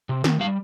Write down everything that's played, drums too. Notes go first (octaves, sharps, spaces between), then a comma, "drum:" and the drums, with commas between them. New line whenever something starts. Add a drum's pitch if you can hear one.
C3
D#3, drum: snare
G3 F5